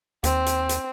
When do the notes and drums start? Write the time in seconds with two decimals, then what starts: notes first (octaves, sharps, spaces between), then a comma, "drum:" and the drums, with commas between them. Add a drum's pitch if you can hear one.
0.24 D#2 C4, drum: hi-hat
0.46 drum: hi-hat
0.69 drum: hi-hat